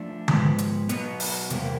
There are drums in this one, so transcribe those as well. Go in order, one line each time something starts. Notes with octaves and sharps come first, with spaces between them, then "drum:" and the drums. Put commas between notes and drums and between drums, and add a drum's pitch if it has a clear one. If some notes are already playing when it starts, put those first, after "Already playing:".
Already playing: F3 A3 D4
G#2 F3 G#3 B3, drum: tom D3
drum: hi-hat
B2 F#3 B3, drum: hi-hat
drum: open hi-hat
E2 C3 G3 A#3, drum: hi-hat